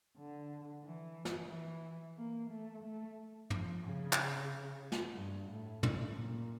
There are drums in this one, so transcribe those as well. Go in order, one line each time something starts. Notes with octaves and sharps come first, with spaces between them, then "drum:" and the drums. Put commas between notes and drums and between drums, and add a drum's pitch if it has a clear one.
D3
E3
drum: snare
E3
A#3
A3
A3
F3, drum: tom
C#3
drum: clap
drum: snare
G2
A2
A2, drum: tom
A#2